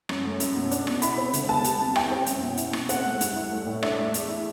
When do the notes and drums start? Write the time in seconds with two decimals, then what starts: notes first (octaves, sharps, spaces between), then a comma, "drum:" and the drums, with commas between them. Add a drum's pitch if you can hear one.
0.09 F#2, drum: rim click
0.25 A3
0.40 F#2, drum: hi-hat
0.56 B2
0.71 D4, drum: hi-hat
0.87 B2, drum: rim click
1.02 E4 B5, drum: hi-hat
1.18 C4
1.33 D3, drum: hi-hat
1.48 B3 A5
1.64 G3, drum: hi-hat
1.80 C3
1.96 E4 G5, drum: rim click
2.11 C4
2.26 F#2, drum: hi-hat
2.42 B2
2.57 E4, drum: hi-hat
2.73 B2, drum: rim click
2.89 C4 F#5, drum: hi-hat
3.05 A3
3.21 G2, drum: hi-hat
3.36 E4
3.51 A3
3.67 A2
3.83 D4 E5, drum: rim click
3.98 A3
4.14 E2, drum: hi-hat
4.28 E4